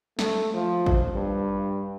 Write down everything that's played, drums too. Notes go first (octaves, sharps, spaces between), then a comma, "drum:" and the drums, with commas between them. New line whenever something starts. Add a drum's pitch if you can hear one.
A3, drum: snare
F3
drum: kick A1
G2